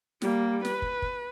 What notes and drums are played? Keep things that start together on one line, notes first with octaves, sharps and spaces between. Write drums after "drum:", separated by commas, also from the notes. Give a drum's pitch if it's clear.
G3 A#3, drum: snare
B4, drum: snare
drum: kick
drum: kick